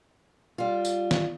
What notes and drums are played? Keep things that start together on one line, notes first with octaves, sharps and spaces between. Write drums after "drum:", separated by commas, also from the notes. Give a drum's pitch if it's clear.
G3 F4
drum: tambourine
drum: snare